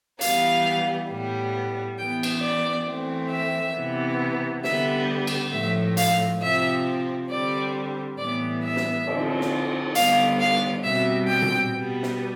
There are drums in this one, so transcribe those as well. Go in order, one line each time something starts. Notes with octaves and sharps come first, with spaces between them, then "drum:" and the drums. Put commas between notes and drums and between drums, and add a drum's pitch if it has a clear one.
E3 G3 B3 F5, drum: hi-hat
A2 G3 B3
E3 B3 G5
drum: cymbal
D5
E3 A3 C4
E5
C3 E3 B3
D3 G3 B3 E5, drum: snare
drum: cymbal
A2 F3 A3 E5
F5, drum: hi-hat
C3 F3 C4 E5
D3 G3 C4 D5
A2 E3 G3 B3 D5
E5
drum: snare
D3 F3 C4, drum: cymbal
drum: snare
D3 G3 B3 F5, drum: hi-hat
F5
B2 G3 C4 E5
G5
drum: tom A#2
B2 G3 B3
drum: snare